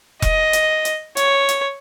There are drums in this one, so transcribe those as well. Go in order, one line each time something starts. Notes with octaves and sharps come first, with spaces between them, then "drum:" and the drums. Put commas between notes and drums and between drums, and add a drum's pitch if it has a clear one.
D#5, drum: kick E1, hi-hat
drum: hi-hat
drum: hi-hat
C#5, drum: hi-hat
drum: hi-hat